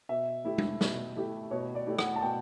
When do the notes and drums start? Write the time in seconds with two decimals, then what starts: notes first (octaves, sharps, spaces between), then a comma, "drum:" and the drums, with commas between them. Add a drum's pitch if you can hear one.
0.09 B2 E5
0.45 A3 E4 G4
0.58 drum: tom G#3
0.81 B2, drum: snare
1.16 A3 E4 G4
1.51 B2 C#5
1.75 D5
1.87 A3 E4 G4
1.99 F#5, drum: rim click
2.16 A5
2.22 B2 G5